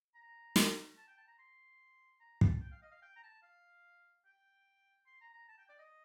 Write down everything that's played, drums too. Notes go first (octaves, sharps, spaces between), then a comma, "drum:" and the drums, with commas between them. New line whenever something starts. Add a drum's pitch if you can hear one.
A#5
drum: snare
A5
G5
A5
A#5
C6
A#5
A5, drum: kick
G5
F5
D#5
F5
G5
A#5
A5
F5
G5
C6
A#5
A#5
A5
G5
D5
D#5